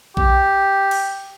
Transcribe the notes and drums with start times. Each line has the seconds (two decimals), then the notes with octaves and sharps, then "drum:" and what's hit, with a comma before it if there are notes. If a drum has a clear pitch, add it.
0.17 G4, drum: kick A#1
0.91 drum: cymbal